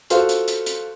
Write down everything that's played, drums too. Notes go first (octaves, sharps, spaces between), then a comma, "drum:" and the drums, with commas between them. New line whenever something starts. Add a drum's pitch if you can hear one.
F4 F#4 A4 C5 F5, drum: hi-hat
drum: hi-hat
drum: hi-hat
drum: hi-hat